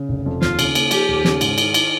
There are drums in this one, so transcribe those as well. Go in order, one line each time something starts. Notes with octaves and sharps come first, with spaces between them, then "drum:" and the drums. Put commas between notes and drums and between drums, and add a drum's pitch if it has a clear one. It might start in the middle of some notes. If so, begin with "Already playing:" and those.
Already playing: C#3
F1
F2
D#2 F4, drum: snare
C#3, drum: cymbal
A#3, drum: cymbal
F3 G4, drum: cymbal
D#2
C#3, drum: snare
G#2, drum: cymbal
D#3, drum: cymbal
drum: cymbal